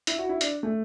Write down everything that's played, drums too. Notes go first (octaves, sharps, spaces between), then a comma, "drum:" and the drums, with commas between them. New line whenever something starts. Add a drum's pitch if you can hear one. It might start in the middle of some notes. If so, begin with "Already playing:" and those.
E4, drum: hi-hat
F#4
E4
D4, drum: hi-hat
A3